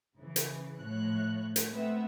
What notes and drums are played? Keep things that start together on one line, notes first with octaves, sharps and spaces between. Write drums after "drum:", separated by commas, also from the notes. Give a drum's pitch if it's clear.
C#3 E3
drum: hi-hat
A2 F3 C#5 F#6
drum: hi-hat
A3 B3 C4 E5 F#5